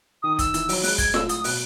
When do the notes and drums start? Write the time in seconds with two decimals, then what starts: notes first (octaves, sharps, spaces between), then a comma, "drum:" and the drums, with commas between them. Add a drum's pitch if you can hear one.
0.23 D#3 D#6
0.39 E6, drum: kick, hi-hat
0.54 E3, drum: hi-hat
0.69 F#3, drum: open hi-hat
0.83 G#3 F#6, drum: open hi-hat
0.98 G#6, drum: kick, hi-hat
1.14 A2 E6, drum: snare F4
1.29 D#6, drum: hi-hat
1.44 B2 F#6, drum: open hi-hat